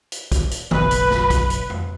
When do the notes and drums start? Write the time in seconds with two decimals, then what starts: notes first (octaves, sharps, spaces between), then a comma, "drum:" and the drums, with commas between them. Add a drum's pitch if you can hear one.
0.12 drum: hi-hat
0.32 drum: kick, hi-hat
0.51 drum: hi-hat
0.71 F#1 B1 B4, drum: tom D#3
0.91 drum: hi-hat
1.11 drum: snare
1.30 drum: kick, hi-hat
1.50 drum: hi-hat
1.70 drum: tom F2